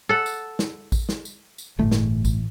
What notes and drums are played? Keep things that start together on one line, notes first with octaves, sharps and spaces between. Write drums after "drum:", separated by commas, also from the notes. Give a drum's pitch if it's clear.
A4 F#5
drum: tambourine
drum: snare
drum: kick A1, tambourine
drum: snare
drum: tambourine
drum: tambourine
G1 A2 E3 A3
drum: snare
drum: kick A1, tambourine